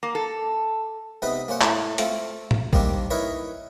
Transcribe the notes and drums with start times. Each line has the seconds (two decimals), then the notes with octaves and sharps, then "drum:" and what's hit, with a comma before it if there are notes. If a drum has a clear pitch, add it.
0.03 A#3
0.15 A4
1.22 C3 B3 D#4 B4 B5
1.48 A#3 C#4 C5 F#5
1.61 A2, drum: clap
1.98 A3 C4 F4, drum: hi-hat
2.51 drum: tom
2.73 D#3 G3 A#3 C4 D4, drum: kick
3.10 D#4 E4 A#4 B4 C#5